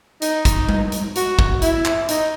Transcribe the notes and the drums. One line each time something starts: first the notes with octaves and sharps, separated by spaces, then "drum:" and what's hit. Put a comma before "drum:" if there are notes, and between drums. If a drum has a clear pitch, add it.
D#4, drum: hi-hat
drum: kick, hi-hat
drum: tom G3
drum: hi-hat
F#4, drum: hi-hat
drum: kick
E4, drum: hi-hat
drum: clap
D#4, drum: hi-hat